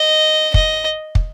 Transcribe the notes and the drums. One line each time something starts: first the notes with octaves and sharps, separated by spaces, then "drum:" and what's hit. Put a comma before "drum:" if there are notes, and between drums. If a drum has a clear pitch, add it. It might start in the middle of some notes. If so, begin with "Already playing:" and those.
Already playing: D#5
D#5, drum: kick
drum: kick